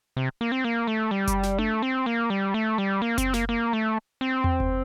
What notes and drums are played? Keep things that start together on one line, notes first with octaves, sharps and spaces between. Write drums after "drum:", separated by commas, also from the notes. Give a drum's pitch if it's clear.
C3
A#3
C4
A#3
A3
G3
drum: kick F#1, hi-hat
drum: snare
A3, drum: tom D4
C4
A#3
G3
A3
G3
A#3
C4, drum: kick F#1, hi-hat
A#3, drum: snare
A#3
A3
C4
drum: tom E2
drum: kick F#1